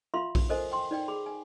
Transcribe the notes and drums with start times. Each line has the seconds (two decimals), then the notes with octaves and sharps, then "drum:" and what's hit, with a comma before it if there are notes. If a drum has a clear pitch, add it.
0.14 F4 E5 F5 B5 C6
0.35 drum: kick A#1, open hi-hat
0.49 A4 A#4 C5 D#5 G#5
0.72 G5 C6
0.91 D#4 D5 G5
1.08 G#4 B5
1.26 G#5